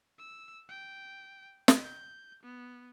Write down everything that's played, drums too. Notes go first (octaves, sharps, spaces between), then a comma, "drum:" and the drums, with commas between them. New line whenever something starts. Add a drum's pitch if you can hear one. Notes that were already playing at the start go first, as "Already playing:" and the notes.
E6
G5
drum: snare
G6
B3